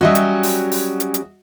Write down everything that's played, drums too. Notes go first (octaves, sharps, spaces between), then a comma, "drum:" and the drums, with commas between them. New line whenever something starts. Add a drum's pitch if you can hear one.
F#3 G3 C#4 F#4 D#5 E5
drum: hi-hat
drum: open hi-hat
drum: open hi-hat
drum: hi-hat
drum: hi-hat